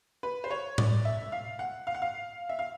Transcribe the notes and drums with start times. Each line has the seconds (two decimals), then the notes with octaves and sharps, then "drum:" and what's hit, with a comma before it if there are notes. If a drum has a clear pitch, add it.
0.23 B4
0.44 C5
0.50 C#5
0.78 D5, drum: tom A2
1.05 E5
1.32 F5
1.59 F#5
1.87 F5
1.95 F#5
2.02 F5
2.49 E5
2.59 F5